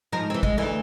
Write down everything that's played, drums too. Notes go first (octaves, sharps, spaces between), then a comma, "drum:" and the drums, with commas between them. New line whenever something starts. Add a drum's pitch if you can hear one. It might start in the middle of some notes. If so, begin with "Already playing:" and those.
G#2 F3 A#4
E3 C4
G#3, drum: kick
D2 E3 A3